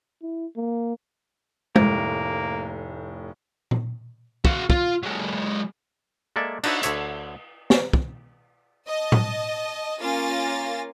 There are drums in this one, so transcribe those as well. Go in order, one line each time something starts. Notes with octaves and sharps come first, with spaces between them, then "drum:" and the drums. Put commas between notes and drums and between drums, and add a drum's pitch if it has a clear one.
E4
A#3
F1 A2 A#3, drum: tom G#3
drum: tom A#2
F#4 F5, drum: kick
F4, drum: kick
F#3 G#3
G#3 A#3 A4 D5 E5
D4 D#4 F#4 B4 C#5 E5, drum: cymbal
D2 D3 C#5 E5, drum: hi-hat
drum: snare
drum: kick
D#5 A5
drum: tom A2
A#3 C#4 F4 G#5 A6 A#6